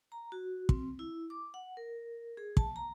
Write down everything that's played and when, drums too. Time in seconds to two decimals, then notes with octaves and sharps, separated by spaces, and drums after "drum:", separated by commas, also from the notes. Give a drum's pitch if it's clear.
0.12 A#5
0.32 F#4
0.69 C4, drum: kick
0.99 E4
1.30 D6
1.54 F#5
1.77 A#4
2.37 G#4
2.57 A5, drum: kick
2.76 A#5